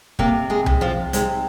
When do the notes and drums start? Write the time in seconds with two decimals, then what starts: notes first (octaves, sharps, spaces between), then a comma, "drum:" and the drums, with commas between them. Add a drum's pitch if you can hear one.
0.19 C3 A#3 A#4, drum: kick
0.50 G#3 G#4
0.66 C3, drum: tom C2
0.81 F3 F4
1.13 G#2 C3 G#3, drum: hi-hat